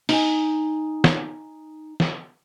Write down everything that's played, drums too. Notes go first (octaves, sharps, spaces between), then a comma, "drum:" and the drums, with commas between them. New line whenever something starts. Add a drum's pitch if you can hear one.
D#4 G#5, drum: open hi-hat
drum: snare
drum: snare